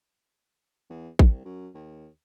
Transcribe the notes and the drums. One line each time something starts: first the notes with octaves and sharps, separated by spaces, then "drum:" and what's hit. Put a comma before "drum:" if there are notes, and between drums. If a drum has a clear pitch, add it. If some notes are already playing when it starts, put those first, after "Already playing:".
E2
C2, drum: kick
F#2
D#2